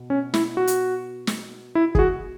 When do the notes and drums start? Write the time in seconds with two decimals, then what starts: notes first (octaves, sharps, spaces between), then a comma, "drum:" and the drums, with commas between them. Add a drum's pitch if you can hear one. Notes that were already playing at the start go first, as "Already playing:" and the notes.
Already playing: B2 B3
0.10 C#4
0.34 E4, drum: snare
0.57 F#4
0.67 drum: hi-hat
1.27 drum: snare
1.75 E4
1.95 G#4, drum: kick
1.99 F#4